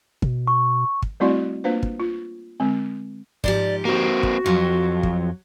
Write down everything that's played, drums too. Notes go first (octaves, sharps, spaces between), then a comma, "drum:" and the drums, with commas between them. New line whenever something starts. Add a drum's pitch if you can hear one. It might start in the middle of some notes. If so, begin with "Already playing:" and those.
B2, drum: kick
C#6
drum: kick
G3 A3 C4 E4 F#4 D5
A#3 D4 F4 B4 C5
drum: kick
F4
D3 G#3 C4
G#2 F3 G4 D5, drum: kick
A#3 C4 F#4
drum: kick
F2 F#3
drum: kick